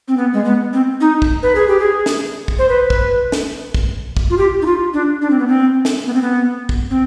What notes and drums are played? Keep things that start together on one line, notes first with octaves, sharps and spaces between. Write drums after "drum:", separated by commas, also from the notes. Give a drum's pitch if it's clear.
C4
B3
G#3
B3
C4
D#4
drum: kick
B4
G#4
G4
G#4
drum: snare
drum: kick
C5
B4
drum: kick
drum: snare
drum: kick
drum: kick
F4
G4
D#4
F4
D4
D4
C4
B3
C4
drum: snare
B3
C4
B3
drum: kick
C4